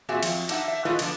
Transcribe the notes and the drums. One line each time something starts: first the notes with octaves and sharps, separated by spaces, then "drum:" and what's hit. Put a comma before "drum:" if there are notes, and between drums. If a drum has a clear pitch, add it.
A#2 C4 F#4 G#4 E5 G#5
F2 F#3, drum: cymbal
D4 D#4 E5 F#5, drum: cymbal
E5
B2 A3 F4 G#4 B4 D#5
D3 F3 B3 D4, drum: cymbal